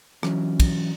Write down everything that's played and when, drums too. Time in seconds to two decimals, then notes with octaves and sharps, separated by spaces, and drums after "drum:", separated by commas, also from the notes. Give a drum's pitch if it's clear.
0.23 E3 F#3 C#4, drum: rim click
0.60 drum: kick, cymbal